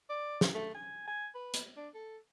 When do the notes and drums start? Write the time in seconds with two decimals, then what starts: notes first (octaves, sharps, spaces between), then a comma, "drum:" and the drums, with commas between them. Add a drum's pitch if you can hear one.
0.10 D5
0.41 drum: snare
0.55 A3
0.74 G#5
1.08 G#5
1.35 B4
1.54 drum: hi-hat
1.77 D4
1.95 A4